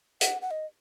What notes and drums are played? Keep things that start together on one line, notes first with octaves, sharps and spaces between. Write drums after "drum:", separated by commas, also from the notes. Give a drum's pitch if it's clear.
F#5, drum: hi-hat
F#5
D#5